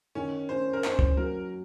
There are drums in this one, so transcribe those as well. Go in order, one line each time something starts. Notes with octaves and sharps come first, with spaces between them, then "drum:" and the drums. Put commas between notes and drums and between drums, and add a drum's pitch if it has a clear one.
D#3 C#4
C#4 C5
A#4
C#4 C5, drum: clap
drum: kick C#2
F#3 A#4